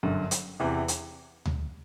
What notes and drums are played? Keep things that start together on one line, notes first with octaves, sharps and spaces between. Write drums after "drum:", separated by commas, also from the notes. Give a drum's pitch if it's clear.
G1 F#2 D3
drum: hi-hat
E2 C3 E3
drum: hi-hat
drum: tom D2